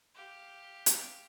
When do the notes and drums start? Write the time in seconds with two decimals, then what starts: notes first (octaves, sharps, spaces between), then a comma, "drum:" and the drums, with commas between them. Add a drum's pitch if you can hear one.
0.15 G4 F5
0.86 drum: hi-hat